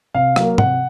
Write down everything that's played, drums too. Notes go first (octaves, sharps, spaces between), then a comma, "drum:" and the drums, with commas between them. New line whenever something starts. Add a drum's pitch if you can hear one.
C3 F5
F#3 A#3, drum: rim click
C3 F#5, drum: tom